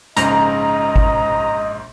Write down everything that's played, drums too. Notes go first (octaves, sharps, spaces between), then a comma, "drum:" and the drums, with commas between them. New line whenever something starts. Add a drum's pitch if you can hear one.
A#1 G#2 C#3 D#5 A#5, drum: hi-hat
drum: kick G1